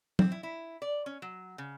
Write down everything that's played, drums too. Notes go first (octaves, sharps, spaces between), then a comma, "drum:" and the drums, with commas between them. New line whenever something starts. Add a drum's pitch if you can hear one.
C4, drum: tom
E4
E4
D5
C#4
F#3
C#3